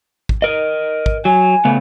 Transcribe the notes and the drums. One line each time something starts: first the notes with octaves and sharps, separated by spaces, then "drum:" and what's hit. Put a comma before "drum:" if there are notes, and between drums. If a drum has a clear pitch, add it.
drum: kick
A#4 D#5
drum: kick
F#3 G#5
C#3 A3 B3